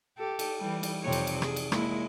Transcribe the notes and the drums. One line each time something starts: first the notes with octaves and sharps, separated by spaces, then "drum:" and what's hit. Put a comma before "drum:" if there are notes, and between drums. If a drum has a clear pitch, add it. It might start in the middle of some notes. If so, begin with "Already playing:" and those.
G4 A4
drum: cymbal
E3 G3
drum: cymbal
F2 C3 C#5
drum: cymbal
drum: cymbal
G#4, drum: rim click
drum: cymbal
G#3 A#3 E4, drum: rim click